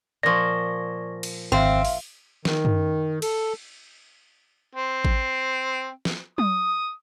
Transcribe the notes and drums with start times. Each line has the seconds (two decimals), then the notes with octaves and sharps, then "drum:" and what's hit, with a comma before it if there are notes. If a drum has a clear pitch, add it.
0.23 A#2 F3 D5 C#6 A#6
1.23 drum: cymbal
1.52 G#1 C4 E5 F5 C6
1.85 drum: open hi-hat
2.45 D#3, drum: snare
2.65 drum: tom F#2
3.22 A4, drum: cymbal
4.75 C4
5.05 drum: kick A1
6.05 drum: snare
6.38 D#6, drum: tom F#3